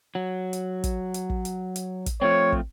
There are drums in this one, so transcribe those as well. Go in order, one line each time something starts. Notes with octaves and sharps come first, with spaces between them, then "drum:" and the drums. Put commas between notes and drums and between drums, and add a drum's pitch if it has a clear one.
F#3
drum: hi-hat
drum: kick, hi-hat
drum: hi-hat
drum: kick
drum: hi-hat
drum: hi-hat
drum: kick, hi-hat
F3 A3 C4 C#5
drum: kick